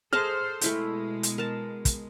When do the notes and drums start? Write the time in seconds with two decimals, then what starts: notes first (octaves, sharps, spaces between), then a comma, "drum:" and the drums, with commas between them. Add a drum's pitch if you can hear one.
0.13 G#4 A4 C5 D#5 A5 F6
0.61 B2 G#3 A3 E4 G5, drum: hi-hat
1.23 drum: hi-hat
1.38 A#4 A5
1.85 drum: kick, hi-hat